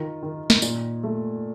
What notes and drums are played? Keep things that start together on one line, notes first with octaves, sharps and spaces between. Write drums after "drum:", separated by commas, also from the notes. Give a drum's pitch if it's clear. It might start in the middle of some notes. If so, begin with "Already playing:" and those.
Already playing: D#3 F4
D#3
drum: snare
A#2, drum: tambourine
A3